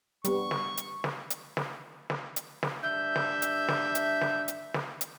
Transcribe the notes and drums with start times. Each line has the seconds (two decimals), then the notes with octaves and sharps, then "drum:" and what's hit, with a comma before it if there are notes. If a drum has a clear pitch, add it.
0.25 G3 B3 C#6, drum: hi-hat
0.51 drum: snare
0.77 drum: hi-hat
1.04 drum: snare
1.30 drum: hi-hat
1.57 drum: snare
2.10 drum: snare
2.36 drum: hi-hat
2.63 drum: snare
2.82 G2 D4 E5 G6
3.16 drum: snare
3.42 drum: hi-hat
3.68 drum: snare
3.95 drum: hi-hat
4.21 drum: snare
4.48 drum: hi-hat
4.74 drum: snare
5.01 drum: hi-hat